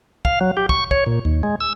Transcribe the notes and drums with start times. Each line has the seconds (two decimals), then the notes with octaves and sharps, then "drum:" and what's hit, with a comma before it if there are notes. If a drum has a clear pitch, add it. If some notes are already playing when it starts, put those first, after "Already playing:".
0.25 F5, drum: kick
0.41 F#3
0.57 G4
0.69 C#6, drum: kick
0.91 C#5, drum: kick
1.06 A#2
1.25 D#2
1.43 G#3
1.60 E6